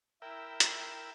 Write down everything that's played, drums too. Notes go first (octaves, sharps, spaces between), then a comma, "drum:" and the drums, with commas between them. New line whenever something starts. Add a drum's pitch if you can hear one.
E4 A#4 E5 G5
drum: hi-hat